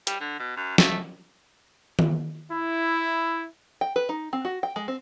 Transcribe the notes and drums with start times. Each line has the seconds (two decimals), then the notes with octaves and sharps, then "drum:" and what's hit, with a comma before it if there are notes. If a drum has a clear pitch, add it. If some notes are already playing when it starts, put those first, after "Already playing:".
0.07 G3, drum: hi-hat
0.20 D3
0.39 B2
0.56 F#2
0.78 A3, drum: snare
1.99 drum: tom D#3
2.52 E4
3.81 G5
3.96 B4
4.09 D#4
4.33 C4
4.45 F#4
4.63 G5
4.76 G#3
4.88 C4